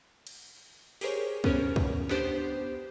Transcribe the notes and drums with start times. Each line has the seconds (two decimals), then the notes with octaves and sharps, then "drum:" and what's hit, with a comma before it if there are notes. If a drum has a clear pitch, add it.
0.27 drum: cymbal
1.01 G4 G#4 A#4 C5 C#5, drum: open hi-hat
1.44 B3 C#4 A#4 C5 C#5, drum: kick
1.76 E2, drum: kick
2.09 B3 D4 G4 C5, drum: snare